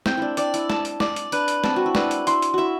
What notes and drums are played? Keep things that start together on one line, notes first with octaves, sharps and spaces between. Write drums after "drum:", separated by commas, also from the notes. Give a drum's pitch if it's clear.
C4 G5, drum: snare
D4 E4
D4 D5, drum: hi-hat
E4, drum: hi-hat
A5, drum: snare
drum: hi-hat
D5, drum: snare
drum: hi-hat
D4 B4, drum: hi-hat
drum: hi-hat
C4 A5, drum: snare
F#4
E4
D4 B4, drum: snare
drum: hi-hat
E4 C6, drum: hi-hat
drum: hi-hat
E4 F#4 E5